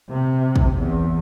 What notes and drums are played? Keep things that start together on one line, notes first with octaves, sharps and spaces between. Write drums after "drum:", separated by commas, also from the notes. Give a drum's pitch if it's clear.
C3
drum: kick
E2